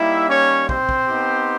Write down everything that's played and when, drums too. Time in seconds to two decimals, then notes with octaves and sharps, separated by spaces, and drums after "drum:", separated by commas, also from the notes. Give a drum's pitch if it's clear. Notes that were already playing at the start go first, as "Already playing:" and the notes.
Already playing: G3 A#3 D#4 E4 G4 E5
0.29 C#4 C#5
0.69 C4 C5, drum: kick
0.89 drum: kick
1.08 B3 D#4 G4